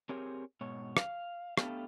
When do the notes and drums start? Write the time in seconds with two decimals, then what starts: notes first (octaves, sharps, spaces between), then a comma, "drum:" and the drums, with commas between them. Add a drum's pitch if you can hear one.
0.09 C4 G4 G#4 A#4 C#5
0.61 G#2 B2 C#5
0.97 F5, drum: rim click
1.57 A3 B3 D4 G4 A4 F5, drum: rim click